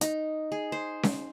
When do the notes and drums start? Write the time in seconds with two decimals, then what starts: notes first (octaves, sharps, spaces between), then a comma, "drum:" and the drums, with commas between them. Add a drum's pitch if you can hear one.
0.01 D#4, drum: hi-hat
0.52 G#4
0.72 C5
1.03 drum: snare C#4